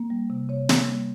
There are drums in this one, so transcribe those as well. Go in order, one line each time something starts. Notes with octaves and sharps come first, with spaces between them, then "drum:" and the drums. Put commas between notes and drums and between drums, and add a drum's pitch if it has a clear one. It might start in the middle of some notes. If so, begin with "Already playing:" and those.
Already playing: A#3
G3
C3
C3 C#5
A#3, drum: snare
G3